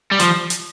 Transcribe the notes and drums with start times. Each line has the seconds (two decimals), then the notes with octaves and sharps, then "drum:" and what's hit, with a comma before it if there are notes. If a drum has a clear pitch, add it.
0.11 G3
0.19 F3, drum: hi-hat
0.50 drum: hi-hat